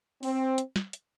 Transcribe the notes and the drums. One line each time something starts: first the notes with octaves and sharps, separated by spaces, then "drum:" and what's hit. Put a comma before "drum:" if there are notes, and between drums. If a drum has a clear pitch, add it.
C4, drum: open hi-hat
drum: hi-hat
drum: snare
drum: hi-hat